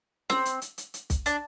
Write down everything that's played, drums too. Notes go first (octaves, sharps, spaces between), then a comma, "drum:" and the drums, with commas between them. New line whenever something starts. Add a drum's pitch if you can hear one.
C4, drum: snare
drum: hi-hat
drum: hi-hat
drum: hi-hat
drum: hi-hat
drum: kick, hi-hat
D4, drum: hi-hat